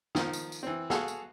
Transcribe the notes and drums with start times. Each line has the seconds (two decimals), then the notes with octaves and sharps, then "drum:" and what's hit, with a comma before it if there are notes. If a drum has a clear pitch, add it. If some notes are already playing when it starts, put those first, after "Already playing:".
0.15 D#3 F3, drum: snare
0.33 drum: tambourine
0.52 drum: tambourine
0.63 E3 C4
0.90 F#4 G#4 A4 F5, drum: snare
1.08 drum: tambourine